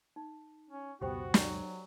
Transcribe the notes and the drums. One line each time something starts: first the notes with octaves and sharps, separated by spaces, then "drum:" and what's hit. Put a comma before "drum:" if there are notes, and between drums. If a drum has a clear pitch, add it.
D#4
C#4
C#2 F#2 B2 B3 F#4 G4 C5 G5
F#3 D5 G#5 A#5, drum: snare